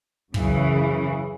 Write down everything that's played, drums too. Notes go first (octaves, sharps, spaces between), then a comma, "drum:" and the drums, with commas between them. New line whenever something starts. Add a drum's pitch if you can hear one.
F#2 C#3 E3, drum: kick